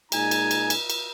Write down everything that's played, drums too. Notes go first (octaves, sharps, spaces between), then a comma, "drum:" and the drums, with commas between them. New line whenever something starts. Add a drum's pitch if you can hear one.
A#2 G#3 D#4 G#4 G#5 A#5, drum: cymbal
drum: cymbal
drum: cymbal
drum: cymbal
drum: cymbal